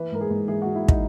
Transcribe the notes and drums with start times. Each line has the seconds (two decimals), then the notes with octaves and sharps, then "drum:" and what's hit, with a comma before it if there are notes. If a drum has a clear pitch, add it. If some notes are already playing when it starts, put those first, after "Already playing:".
Already playing: E3 B4
0.12 G#2 A#4
0.21 G#4
0.30 G#2
0.48 E3 G#4
0.62 E3 F#4
0.75 E4
0.89 D#4, drum: kick